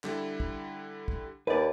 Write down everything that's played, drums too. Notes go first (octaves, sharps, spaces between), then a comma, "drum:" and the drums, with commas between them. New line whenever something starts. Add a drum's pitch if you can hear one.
D3 G3 E4, drum: clap
drum: kick
drum: kick
D#2 B4 D5